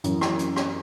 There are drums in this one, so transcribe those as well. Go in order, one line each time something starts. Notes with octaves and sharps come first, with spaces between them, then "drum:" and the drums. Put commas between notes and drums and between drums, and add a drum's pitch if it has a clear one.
F#2 E3, drum: hi-hat
drum: rim click
drum: hi-hat
drum: rim click